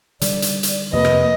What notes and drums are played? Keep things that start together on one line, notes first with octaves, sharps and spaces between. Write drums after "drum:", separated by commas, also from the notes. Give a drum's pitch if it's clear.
D3 G3 D5, drum: hi-hat
drum: hi-hat
drum: hi-hat
F2 C3 A#3 B4 D#5
drum: rim click